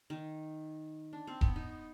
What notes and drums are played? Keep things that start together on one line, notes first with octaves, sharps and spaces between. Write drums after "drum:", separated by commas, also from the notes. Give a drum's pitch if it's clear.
D#3
D4
C4
B3, drum: kick E1
D#4